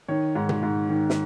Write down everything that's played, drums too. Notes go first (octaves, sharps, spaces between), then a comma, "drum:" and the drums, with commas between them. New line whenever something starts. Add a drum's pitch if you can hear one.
D#3 C#5
G#2
drum: tom B2
G#2
D#3
drum: snare